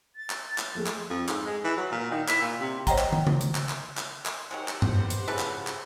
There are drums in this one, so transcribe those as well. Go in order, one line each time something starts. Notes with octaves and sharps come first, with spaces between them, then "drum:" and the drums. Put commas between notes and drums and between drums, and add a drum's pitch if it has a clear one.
A6
drum: clap
drum: clap
F2 A3 G#4
drum: clap
F2
G#2, drum: clap
G#3
E3
F#3
A#2
D#3
E4, drum: clap
A#2
C3
C5 C#5 D#5 F#5 G5 A#5, drum: kick, hi-hat
drum: clap
drum: tom
drum: tom C#3
drum: hi-hat
drum: clap
drum: clap
drum: clap
drum: clap
D#3 F#3 G#3 G4 C5 F#5
drum: clap
drum: tom G2
D#2 B2 D3
drum: hi-hat
C#3 E3 F3 G#4 A4 B4
drum: clap
drum: clap